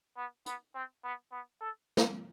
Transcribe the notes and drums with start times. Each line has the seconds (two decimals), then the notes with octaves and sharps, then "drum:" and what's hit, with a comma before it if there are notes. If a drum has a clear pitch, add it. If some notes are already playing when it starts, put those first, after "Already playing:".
0.17 B3
0.46 B3, drum: hi-hat
0.75 C4
1.04 B3
1.32 B3
1.61 A4
1.97 drum: snare